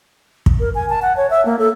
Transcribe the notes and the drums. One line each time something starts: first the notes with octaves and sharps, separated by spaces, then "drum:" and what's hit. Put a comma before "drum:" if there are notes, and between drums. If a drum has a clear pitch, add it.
drum: kick
A#4
G#5
A5
F#5
C#5
E5
A#3
A4